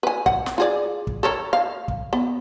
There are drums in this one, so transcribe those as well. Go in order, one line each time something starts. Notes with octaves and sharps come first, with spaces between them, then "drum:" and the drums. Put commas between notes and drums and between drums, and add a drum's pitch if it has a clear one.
B4 G#5
F#5, drum: kick
drum: snare
F4 G#4 D5
drum: kick
A4 A#4 C#5
F5
drum: kick
B3